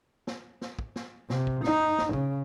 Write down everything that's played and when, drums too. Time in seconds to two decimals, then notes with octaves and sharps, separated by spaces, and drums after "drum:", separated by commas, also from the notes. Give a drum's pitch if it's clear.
0.27 drum: snare
0.61 drum: snare
0.79 drum: kick
0.96 drum: snare
1.30 C3, drum: snare
1.47 drum: kick
1.64 D#4, drum: snare
1.98 drum: snare
2.13 C#3, drum: kick